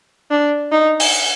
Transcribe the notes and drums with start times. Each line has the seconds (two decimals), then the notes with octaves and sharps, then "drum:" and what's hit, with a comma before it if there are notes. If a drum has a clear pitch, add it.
0.31 D4
0.72 D#4
1.00 drum: open hi-hat